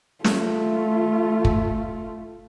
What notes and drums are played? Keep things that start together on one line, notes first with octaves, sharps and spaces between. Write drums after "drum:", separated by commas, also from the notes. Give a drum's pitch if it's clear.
A3 F4, drum: snare
drum: kick